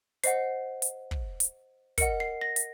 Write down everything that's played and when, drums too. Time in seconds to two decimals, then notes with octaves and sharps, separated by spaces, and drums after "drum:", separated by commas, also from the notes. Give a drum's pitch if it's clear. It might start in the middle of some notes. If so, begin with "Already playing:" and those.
0.23 C5 D#5 F#5 C7, drum: hi-hat
0.82 drum: hi-hat
1.11 drum: kick
1.40 drum: hi-hat
1.98 A#4 D#5 F#5 C#7, drum: kick, hi-hat
2.20 C7
2.41 A#6
2.56 drum: hi-hat